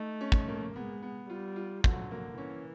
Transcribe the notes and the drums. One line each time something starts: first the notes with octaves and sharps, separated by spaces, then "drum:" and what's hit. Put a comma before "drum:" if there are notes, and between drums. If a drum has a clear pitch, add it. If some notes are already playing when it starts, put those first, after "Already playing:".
Already playing: A3 D#4
C#4
drum: kick
A#3
G#3 B3
B3
G3 F4
F4
D3 F#3, drum: kick
A#3
E3 C#4